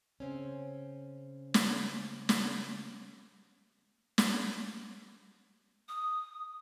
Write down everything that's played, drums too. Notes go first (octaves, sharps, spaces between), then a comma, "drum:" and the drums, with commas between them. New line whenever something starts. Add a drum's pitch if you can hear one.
C#3 C4 C#4
drum: snare
drum: snare
drum: snare
D#6